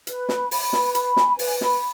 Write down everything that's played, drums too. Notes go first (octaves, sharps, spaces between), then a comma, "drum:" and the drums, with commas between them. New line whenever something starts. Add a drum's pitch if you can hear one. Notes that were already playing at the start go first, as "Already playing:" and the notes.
B4, drum: hi-hat
B5, drum: snare
B5, drum: open hi-hat
B4, drum: snare
B5, drum: hi-hat
G#5, drum: snare
B4, drum: open hi-hat
B5, drum: snare